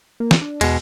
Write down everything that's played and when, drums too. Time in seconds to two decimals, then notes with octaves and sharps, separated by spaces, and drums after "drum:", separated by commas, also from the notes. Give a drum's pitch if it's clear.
0.20 A#3
0.31 drum: snare
0.41 D4
0.61 E2 B2 G#3, drum: cymbal